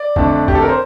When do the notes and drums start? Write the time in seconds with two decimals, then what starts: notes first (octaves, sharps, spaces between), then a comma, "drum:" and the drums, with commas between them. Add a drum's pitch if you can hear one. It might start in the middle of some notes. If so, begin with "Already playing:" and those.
Already playing: D5
0.16 F2 D3 A3 D4, drum: kick G1
0.48 G4, drum: kick G1
0.55 A4
0.62 A#4
0.69 C5